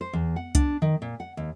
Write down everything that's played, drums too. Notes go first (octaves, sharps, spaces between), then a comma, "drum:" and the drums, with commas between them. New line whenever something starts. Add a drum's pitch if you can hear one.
C5
E2
F#5
D4, drum: kick C2, hi-hat
D#3
A#2
F#5
D#2